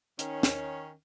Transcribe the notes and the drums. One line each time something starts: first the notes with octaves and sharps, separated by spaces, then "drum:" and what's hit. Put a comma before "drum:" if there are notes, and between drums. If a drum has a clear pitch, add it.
D#3 C#4, drum: hi-hat
drum: snare